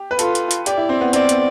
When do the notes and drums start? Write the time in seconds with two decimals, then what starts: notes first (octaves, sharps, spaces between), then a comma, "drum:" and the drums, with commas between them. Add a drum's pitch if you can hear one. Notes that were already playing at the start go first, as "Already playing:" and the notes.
Already playing: G4
0.11 B4
0.19 F4 A4, drum: hi-hat
0.35 drum: hi-hat
0.51 drum: hi-hat
0.66 G4 D5, drum: hi-hat
0.77 E4
0.89 C4
1.01 B3
1.13 C4 D5, drum: hi-hat
1.29 B3, drum: hi-hat